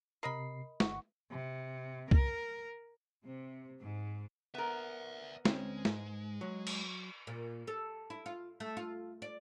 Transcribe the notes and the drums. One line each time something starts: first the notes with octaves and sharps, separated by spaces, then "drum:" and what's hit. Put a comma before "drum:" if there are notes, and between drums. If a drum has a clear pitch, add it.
C3 A#4 D#5 B5 C7
G1 F#5 C#6, drum: snare
C3
A#4, drum: kick C2
C3
G#2
B3 A#4 D5 E5
D2 G#3 C4 C#4, drum: snare
G#2, drum: snare
F#3
drum: cymbal
A#2
A4
E4
F4
A3
F4
D5